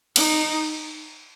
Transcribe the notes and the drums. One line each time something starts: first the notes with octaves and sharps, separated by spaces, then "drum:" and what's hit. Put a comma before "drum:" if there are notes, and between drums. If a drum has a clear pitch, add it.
D#4, drum: cymbal